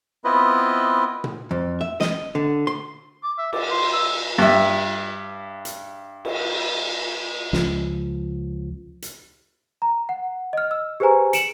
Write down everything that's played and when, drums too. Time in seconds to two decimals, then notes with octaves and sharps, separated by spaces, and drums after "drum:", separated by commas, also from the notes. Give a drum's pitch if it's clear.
0.24 B3 C4 E4 F4 B4 D#5
1.24 drum: tom A#2
1.51 F2
1.81 E5
2.00 D#5, drum: snare
2.35 D3
2.67 C6
3.24 D6
3.38 E5
3.53 D5, drum: cymbal
3.71 C6
3.92 E6
4.38 G2 E5
5.65 drum: hi-hat
6.25 drum: cymbal
7.53 C#2 F3, drum: snare
9.02 drum: hi-hat
9.82 A#5
10.09 F#5
10.53 D#5 F6
10.71 E6
11.00 G4 G#4 B4 C5 G#5 A#5
11.33 C#7 D7 E7 F#7, drum: hi-hat